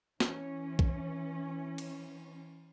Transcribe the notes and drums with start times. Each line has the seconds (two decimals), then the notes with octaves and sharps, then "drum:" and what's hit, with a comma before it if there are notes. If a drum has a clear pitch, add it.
0.20 E3 C#4, drum: snare
0.79 drum: kick
1.78 drum: cymbal